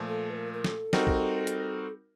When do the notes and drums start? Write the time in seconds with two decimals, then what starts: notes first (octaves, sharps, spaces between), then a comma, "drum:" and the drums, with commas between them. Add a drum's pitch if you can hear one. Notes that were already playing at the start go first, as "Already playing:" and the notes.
Already playing: A#2 F3 A3
0.08 A4
0.30 B4
0.36 A#4
0.54 A#4
0.64 A4, drum: snare
0.93 G3 C4 D#4 F#4 A#4, drum: snare
1.07 drum: kick A#1
1.47 drum: hi-hat